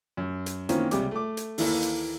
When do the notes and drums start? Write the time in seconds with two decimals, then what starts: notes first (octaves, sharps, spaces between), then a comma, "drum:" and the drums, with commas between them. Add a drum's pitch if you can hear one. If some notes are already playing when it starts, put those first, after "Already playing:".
0.17 F#2
0.46 drum: hi-hat
0.69 D#3 E3 A#3 C4 C#4, drum: hi-hat
0.91 C#2 C3 G3 D6, drum: hi-hat
1.11 A3 D6
1.37 drum: hi-hat
1.58 D#2 E3 A#3 E4 A4, drum: open hi-hat
1.83 drum: hi-hat